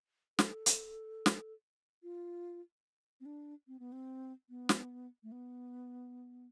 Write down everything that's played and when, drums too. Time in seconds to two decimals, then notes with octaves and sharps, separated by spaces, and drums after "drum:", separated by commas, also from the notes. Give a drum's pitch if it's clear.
0.39 A4, drum: snare
0.66 drum: hi-hat
1.26 drum: snare
2.03 F4
3.20 C4
3.26 D4
3.68 C4
3.79 B3
3.92 C4
4.49 B3
4.69 drum: snare
5.23 A3
5.32 B3